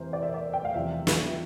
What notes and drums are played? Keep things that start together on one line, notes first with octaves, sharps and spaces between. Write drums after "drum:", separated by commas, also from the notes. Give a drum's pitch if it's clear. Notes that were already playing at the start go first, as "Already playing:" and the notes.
Already playing: E2 C3 E3 A#4 C5
D5
E5
D5
G5
F5
E2 C3 F3 E5
drum: snare